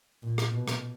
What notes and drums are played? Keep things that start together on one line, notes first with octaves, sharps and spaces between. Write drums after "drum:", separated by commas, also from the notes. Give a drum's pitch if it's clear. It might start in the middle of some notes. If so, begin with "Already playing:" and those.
A#2
drum: rim click
B2
drum: rim click